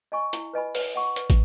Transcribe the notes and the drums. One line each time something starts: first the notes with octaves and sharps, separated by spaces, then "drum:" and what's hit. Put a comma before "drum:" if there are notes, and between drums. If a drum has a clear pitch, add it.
D#5 G#5 C#6
E4, drum: hi-hat
B4 D#5 G#5 B5
B4, drum: open hi-hat
D#5 F#5 C#6
B4, drum: hi-hat
drum: kick, hi-hat